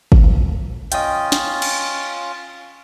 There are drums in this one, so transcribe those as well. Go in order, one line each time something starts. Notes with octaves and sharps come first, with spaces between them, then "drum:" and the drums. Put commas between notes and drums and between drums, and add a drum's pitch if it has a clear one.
drum: kick
C#4 F4 D#5 G5, drum: hi-hat
drum: snare
drum: cymbal